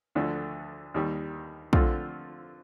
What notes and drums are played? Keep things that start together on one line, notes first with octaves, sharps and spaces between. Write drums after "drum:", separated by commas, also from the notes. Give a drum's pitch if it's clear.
D2 D3 F3 A3 D4
D#2 D#3 G3
D3 F3 A3 C4 F4, drum: kick